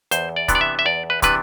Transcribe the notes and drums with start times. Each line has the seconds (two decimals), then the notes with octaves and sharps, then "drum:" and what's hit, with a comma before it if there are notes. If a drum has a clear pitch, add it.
0.11 E2 C5, drum: hi-hat
0.36 D5
0.48 C3 E3 B3 D4, drum: kick, hi-hat
0.55 D5
0.61 E5
0.79 E5
0.85 E2 D5
1.10 B4
1.22 C3 E3 B3 D4 B4, drum: kick, hi-hat